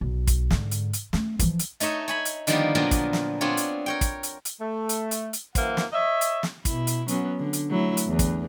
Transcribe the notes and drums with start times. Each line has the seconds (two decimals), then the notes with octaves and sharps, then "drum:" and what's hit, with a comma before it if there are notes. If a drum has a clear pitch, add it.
0.01 B1
0.27 drum: kick, hi-hat
0.51 G#2 D3, drum: snare
0.71 drum: hi-hat
0.93 drum: hi-hat
1.13 A3 C#4, drum: snare
1.39 E3 F3, drum: kick, hi-hat
1.59 drum: hi-hat
1.80 A3 D#4 C#5 D#5 E5, drum: hi-hat
2.08 C#5 G#5 B5
2.25 drum: hi-hat
2.47 D3 D#3 F3 G3 A#3 B3, drum: hi-hat
2.75 A#2 F3 F#3 B3 D4 A#4
2.91 drum: kick, hi-hat
3.13 drum: snare
3.41 B3 C4 D4 F4 C#5
3.57 drum: hi-hat
3.86 A#4 C#5 G5
4.01 drum: kick, hi-hat
4.23 drum: hi-hat
4.45 drum: hi-hat
4.60 A3
4.89 drum: hi-hat
5.11 drum: hi-hat
5.33 drum: hi-hat
5.55 F#2 E3 A#3 C5 F#5, drum: kick, hi-hat
5.77 drum: snare
5.93 C#5 D#5 E5
6.21 drum: hi-hat
6.43 drum: snare
6.65 B2 E4, drum: kick, hi-hat
6.87 drum: hi-hat
7.08 F#3 B3 C#4, drum: hi-hat
7.39 D3
7.53 drum: hi-hat
7.70 F#3 A3 E4
7.97 drum: hi-hat
8.07 E2 D3
8.19 drum: kick, hi-hat